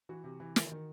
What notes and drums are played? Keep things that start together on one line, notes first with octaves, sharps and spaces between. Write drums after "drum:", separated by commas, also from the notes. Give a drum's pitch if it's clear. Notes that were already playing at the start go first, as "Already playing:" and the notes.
E3 F#4
C3
E3
D#3, drum: snare
D#3